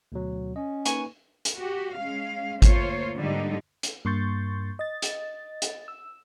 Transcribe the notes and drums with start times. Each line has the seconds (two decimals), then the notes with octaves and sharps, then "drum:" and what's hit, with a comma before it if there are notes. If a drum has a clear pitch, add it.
0.12 D2 B2 F#3
0.56 C#4 D#5
0.86 A#3 D#4 B4 G#5 C#6, drum: hi-hat
1.45 drum: hi-hat
1.57 F#4 G4
1.96 G#3 C#4 F5
2.62 A3 A#3 F4 C5 C#5, drum: kick G#1, hi-hat
3.17 G#2 D3 G3 G#3 A#3 D#4
3.83 drum: hi-hat
4.05 G2 A#3 C6 C#6 G6 A6
4.79 D#5 A6
5.02 drum: hi-hat
5.62 drum: hi-hat
5.88 E6